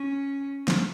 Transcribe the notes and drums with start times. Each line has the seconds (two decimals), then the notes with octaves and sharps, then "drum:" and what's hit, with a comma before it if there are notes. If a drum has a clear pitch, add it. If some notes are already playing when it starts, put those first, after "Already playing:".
Already playing: C#4
0.68 drum: snare